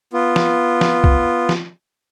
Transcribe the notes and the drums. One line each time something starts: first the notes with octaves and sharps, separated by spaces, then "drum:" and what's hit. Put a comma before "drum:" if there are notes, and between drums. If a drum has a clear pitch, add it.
B3 F4
drum: snare
drum: snare
drum: kick
drum: snare